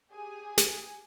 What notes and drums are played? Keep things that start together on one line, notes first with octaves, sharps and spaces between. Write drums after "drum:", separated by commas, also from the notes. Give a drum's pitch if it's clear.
G4 G#4 G#5
drum: snare